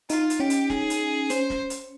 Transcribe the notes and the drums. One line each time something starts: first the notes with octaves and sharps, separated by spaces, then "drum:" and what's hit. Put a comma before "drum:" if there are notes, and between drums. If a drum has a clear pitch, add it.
D#4 F4, drum: hi-hat
drum: hi-hat
C#4 G4
drum: hi-hat
G#4, drum: snare
drum: hi-hat
C#4 C5, drum: hi-hat
drum: snare
drum: hi-hat